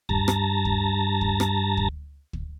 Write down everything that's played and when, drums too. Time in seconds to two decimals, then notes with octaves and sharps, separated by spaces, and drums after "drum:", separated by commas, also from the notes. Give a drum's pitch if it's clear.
0.09 G2 A5 A#5, drum: kick
0.28 drum: rim click
0.65 drum: kick
1.21 drum: kick
1.40 drum: rim click
1.77 drum: kick
2.33 drum: kick